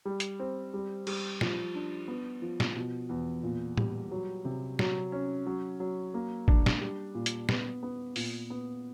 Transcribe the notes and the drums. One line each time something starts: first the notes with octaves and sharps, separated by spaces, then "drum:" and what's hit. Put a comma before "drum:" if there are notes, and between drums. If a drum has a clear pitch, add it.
G3
drum: hi-hat
C4
G3
G3, drum: cymbal
F3, drum: snare
D4
B3
F3
drum: snare
B2
E2
A#2
G3, drum: tom
F#3
C3
F#3, drum: snare
C#4
F#3
F#3
A#3
D4, drum: kick
drum: snare
G3
A#2
drum: hi-hat
B3, drum: snare
B3
A#2, drum: open hi-hat
B3